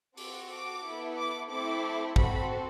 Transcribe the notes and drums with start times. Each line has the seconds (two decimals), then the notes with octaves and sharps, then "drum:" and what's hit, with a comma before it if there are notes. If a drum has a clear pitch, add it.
0.17 C4 F#4 A4 D6, drum: open hi-hat
0.51 D6
0.84 B3 E4 A4
1.17 D6
1.50 A3 C4 E4 A4 D6
2.16 C4 F#4 A4 B5, drum: kick